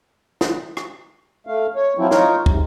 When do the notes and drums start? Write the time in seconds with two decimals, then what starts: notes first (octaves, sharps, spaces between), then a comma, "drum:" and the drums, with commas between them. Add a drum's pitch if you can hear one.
0.41 drum: snare
0.77 drum: rim click
1.47 A3 F5
1.76 C#5
1.98 F3 F#3 C4 E4
2.11 D#4 F4 A#4 C#5, drum: snare
2.46 G#2 C3, drum: kick